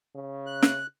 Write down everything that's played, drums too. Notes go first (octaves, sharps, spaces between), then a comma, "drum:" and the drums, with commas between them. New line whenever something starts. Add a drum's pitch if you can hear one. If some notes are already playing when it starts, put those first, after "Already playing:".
C#3
F#6
drum: snare